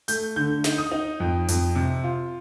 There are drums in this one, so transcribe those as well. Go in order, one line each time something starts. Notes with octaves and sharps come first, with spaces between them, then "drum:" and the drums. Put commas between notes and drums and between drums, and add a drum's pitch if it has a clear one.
A3 G6, drum: hi-hat
D3 G6
D#4, drum: snare
D#6
D#4
F2
F2, drum: hi-hat
C3
F4